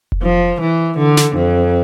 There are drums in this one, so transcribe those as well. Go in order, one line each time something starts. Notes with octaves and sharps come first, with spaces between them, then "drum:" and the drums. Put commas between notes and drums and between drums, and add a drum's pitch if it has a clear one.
drum: kick F1
F3
E3
D3
drum: snare
F2